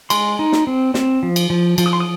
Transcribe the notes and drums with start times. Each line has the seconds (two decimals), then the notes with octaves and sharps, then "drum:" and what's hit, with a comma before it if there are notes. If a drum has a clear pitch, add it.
0.10 G#3 C6, drum: cymbal
0.39 D#4
0.52 drum: snare
0.67 C4
0.94 C4, drum: snare
1.23 F3
1.36 drum: cymbal
1.50 F3
1.78 F3, drum: cymbal
1.86 D#6
1.93 C6
2.00 D#6